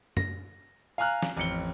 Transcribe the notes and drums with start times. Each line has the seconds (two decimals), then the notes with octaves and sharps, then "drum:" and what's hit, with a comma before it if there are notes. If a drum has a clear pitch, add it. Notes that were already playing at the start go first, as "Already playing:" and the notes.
0.17 A#6, drum: tom
0.98 F5 G#5 A#5 F6 F#6
1.22 drum: snare
1.37 A1 F2 C#7 G7